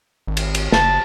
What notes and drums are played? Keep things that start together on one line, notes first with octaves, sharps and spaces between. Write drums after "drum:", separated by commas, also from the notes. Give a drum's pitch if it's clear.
G#1
drum: cymbal
drum: cymbal
F#1 A5, drum: snare